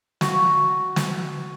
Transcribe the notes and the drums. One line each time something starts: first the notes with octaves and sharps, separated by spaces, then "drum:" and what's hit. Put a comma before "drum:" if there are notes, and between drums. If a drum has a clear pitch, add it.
F#4, drum: snare
drum: snare